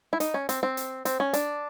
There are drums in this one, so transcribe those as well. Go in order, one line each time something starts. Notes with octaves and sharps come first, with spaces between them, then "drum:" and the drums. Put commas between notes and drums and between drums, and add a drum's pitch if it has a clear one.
E4
D#4, drum: hi-hat
C#4
C4, drum: hi-hat
C4
drum: hi-hat
C4, drum: hi-hat
C#4
D4, drum: hi-hat